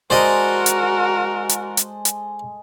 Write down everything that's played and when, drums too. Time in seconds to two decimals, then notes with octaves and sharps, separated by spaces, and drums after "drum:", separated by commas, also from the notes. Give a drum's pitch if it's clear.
0.10 G#3 F#4 A4 A#4 C5 D5 D#5 C6
0.66 drum: hi-hat
1.49 drum: hi-hat
1.77 drum: hi-hat
2.05 drum: hi-hat